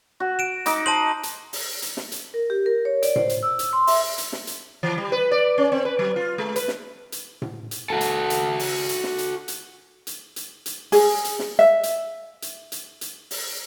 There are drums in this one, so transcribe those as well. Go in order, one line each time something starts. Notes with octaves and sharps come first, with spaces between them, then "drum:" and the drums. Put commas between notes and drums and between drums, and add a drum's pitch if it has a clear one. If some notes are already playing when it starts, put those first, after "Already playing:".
F#4
D7 E7
D#4 D6, drum: hi-hat
C5 A5 D#7 F#7
drum: hi-hat
drum: open hi-hat
drum: hi-hat
drum: snare
drum: hi-hat
A#4
G4
A#4
C#5
D5, drum: hi-hat
C5, drum: tom A2
drum: hi-hat
E6
drum: hi-hat
C6
E5, drum: open hi-hat
drum: hi-hat
drum: snare
drum: hi-hat
E3
G3
B4
D5
C#4
C4
B4
F#3
F4
G#3
B4, drum: hi-hat
drum: snare
drum: hi-hat
drum: tom A2
drum: hi-hat
F#4 A4
drum: hi-hat
drum: hi-hat
drum: open hi-hat
drum: hi-hat
drum: snare
drum: hi-hat
drum: hi-hat
drum: hi-hat
drum: hi-hat
drum: hi-hat
G#4, drum: open hi-hat
drum: hi-hat
drum: snare
E5
drum: hi-hat
drum: hi-hat
drum: hi-hat
drum: hi-hat
drum: open hi-hat